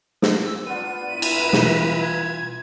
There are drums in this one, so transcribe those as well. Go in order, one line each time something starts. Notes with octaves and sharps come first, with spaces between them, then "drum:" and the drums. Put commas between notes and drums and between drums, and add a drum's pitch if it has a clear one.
E6, drum: snare
B3 D4 F4 D#7
E4 B4 E5
drum: cymbal
B2 E3 G3, drum: snare
G#6